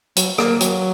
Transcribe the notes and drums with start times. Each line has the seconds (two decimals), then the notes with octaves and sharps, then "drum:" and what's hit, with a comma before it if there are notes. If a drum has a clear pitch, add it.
0.16 F#3, drum: hi-hat
0.38 A#3, drum: rim click
0.61 F#3, drum: hi-hat